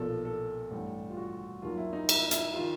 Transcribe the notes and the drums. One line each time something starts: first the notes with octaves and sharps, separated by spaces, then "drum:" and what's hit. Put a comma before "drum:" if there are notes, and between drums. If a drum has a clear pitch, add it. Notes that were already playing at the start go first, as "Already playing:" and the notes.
Already playing: B1 A#2 F3 A4
A4
A1 G2 E3 G3
F4
F#4
D#2 D#3 F#3 F4
E4
D#4
E4, drum: cymbal
E4, drum: hi-hat
D#3 F4